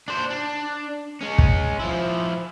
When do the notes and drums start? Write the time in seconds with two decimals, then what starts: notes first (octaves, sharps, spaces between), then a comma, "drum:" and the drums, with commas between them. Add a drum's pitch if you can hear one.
0.08 D4 C5
0.30 D4
1.21 G#3 C#4
1.38 drum: kick
1.80 F3 E4